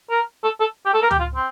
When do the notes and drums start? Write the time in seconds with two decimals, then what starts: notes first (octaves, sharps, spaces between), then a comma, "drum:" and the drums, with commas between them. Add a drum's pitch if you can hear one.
0.10 A#4
0.44 A4
0.60 A4
0.86 G4
0.94 A4
1.02 A#4
1.10 G4, drum: tom C#2
1.19 F4
1.35 C4